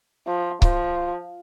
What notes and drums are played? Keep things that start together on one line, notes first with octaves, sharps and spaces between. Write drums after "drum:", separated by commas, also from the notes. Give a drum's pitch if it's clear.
F3
F3, drum: kick C#1